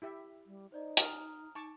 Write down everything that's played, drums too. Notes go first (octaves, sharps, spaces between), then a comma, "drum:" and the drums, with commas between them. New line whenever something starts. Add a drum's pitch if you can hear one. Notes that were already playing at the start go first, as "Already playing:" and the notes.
E4 G4 E5
G3
D#4 C5 D5 D#5
A#5 D#6 F6, drum: hi-hat
D#4 A5 C#6 D6